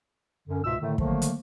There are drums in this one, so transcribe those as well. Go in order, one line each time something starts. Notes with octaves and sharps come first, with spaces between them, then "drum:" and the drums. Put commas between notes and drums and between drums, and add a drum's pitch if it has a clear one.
F#2 D3 C#4
C#2 G#2 B2 F4 E5 E6
A2 D3 D#3 A3
D3 D#3 F3 F#3 A3 A#3, drum: kick
drum: hi-hat